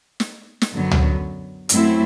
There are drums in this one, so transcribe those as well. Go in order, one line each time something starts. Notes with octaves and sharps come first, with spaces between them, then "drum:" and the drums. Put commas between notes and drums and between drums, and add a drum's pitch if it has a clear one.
drum: snare
drum: snare
F#2 D3 F#3 B3
drum: tom C#2
F#2 F#3 A3 C4 E4, drum: hi-hat